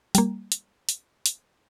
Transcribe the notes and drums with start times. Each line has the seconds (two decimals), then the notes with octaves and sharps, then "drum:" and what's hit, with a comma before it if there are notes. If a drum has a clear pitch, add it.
0.15 G3 A#3, drum: hi-hat
0.52 drum: hi-hat
0.89 drum: hi-hat
1.26 drum: hi-hat